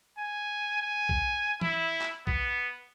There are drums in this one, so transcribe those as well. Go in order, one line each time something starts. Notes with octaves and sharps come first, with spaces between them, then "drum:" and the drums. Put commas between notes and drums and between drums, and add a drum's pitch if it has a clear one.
G#5
G#5
drum: kick B1
E4, drum: tom
drum: clap
B3, drum: kick B1